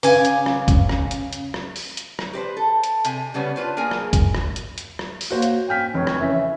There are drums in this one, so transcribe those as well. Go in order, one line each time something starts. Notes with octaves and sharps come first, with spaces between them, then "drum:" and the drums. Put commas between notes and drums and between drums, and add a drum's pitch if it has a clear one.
C#3 B4 F5 G#5 D6, drum: open hi-hat
drum: hi-hat
drum: rim click
drum: kick C#2, hi-hat
drum: rim click
drum: hi-hat
drum: hi-hat
drum: rim click
drum: open hi-hat
drum: hi-hat
drum: rim click
G4 B4 C5
A4
drum: hi-hat
C3 G#5, drum: hi-hat
C#3 G3 B3 C#4
D4 F4 B4 C5
A#3 G#4 A#4 G#5
drum: rim click
drum: kick C#2, hi-hat
drum: rim click
drum: hi-hat
drum: hi-hat
drum: rim click
drum: open hi-hat
A#3 F#4 C5 C#5
drum: hi-hat
G5 G#5 F6 B6
F1 C#5
drum: rim click
C#3 E3 E5